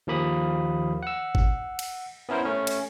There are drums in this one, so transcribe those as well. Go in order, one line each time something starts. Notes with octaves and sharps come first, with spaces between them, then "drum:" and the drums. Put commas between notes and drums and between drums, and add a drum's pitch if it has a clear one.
D#2 F3 A#3 B5 D#6
F#5 E6
drum: kick
drum: cymbal
B3 C#4 E4 A#4 C5
A3 C#4
drum: cymbal